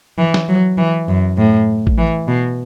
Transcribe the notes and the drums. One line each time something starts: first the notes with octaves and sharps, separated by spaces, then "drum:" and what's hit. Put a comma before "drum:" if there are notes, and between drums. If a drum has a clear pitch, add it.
E3
drum: snare
F#3
E3
F#2
A2
drum: kick A1
E3
B2